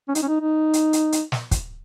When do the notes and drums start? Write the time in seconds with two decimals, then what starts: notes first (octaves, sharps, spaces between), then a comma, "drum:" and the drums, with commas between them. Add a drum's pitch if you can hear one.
0.08 C#4
0.15 D#4, drum: hi-hat
0.22 C#4
0.28 D#4
0.41 D#4
0.73 drum: hi-hat
0.93 drum: hi-hat
1.12 drum: hi-hat
1.32 drum: snare
1.51 drum: kick, hi-hat